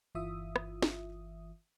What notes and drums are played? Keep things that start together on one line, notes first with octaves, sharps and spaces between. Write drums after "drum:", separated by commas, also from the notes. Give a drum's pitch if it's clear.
G1 E3 F4 E5 D#6
drum: rim click
drum: snare